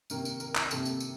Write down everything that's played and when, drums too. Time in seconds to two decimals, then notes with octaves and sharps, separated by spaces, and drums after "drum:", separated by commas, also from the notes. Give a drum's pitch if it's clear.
0.10 C3 D#3 A#3 A#4, drum: tambourine
0.25 drum: tambourine
0.40 A#4, drum: tambourine
0.55 drum: clap
0.71 C3 D#3 A#3 A4, drum: tambourine
0.85 drum: tambourine
1.00 drum: tambourine